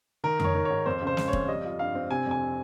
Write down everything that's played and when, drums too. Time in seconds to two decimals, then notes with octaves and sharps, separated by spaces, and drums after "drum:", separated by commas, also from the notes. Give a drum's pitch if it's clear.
0.24 D#3 A#4
0.40 D#3 C#5, drum: tom F2
0.55 D#3
0.65 C#5
0.70 G#2
0.86 F2 C5
1.02 C#3
1.07 C5
1.17 G#3, drum: snare
1.28 C#5
1.33 F2, drum: kick
1.48 G3 D#5
1.64 F4
1.79 G2 F5
1.95 C4
2.10 C3 G#5
2.27 F2 G#5